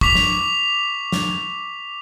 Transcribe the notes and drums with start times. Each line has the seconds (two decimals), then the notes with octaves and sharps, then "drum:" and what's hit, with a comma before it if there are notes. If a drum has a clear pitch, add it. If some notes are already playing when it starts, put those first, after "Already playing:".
0.01 C#6 D6 B6 F7, drum: kick
0.15 drum: snare
1.12 drum: snare